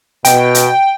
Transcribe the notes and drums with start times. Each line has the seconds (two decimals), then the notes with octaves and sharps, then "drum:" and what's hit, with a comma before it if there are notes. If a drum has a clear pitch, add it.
0.25 B2 G5, drum: hi-hat
0.55 drum: hi-hat